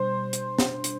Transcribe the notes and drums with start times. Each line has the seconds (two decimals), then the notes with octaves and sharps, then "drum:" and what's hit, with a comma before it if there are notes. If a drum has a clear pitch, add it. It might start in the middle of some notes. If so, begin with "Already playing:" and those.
Already playing: B2 G3 D4 C5
0.33 drum: hi-hat
0.59 drum: snare
0.84 drum: hi-hat